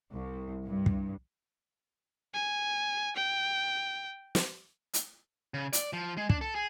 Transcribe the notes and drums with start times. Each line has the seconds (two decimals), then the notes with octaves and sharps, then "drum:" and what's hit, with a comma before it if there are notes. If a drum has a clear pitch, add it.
0.14 C2
0.67 G2
0.86 drum: kick
2.34 G#5
3.16 G5
4.35 drum: snare
4.94 drum: hi-hat
5.54 C#3
5.73 D5, drum: hi-hat
5.93 F3
6.17 G#3
6.30 D4, drum: kick
6.41 A4
6.55 G#4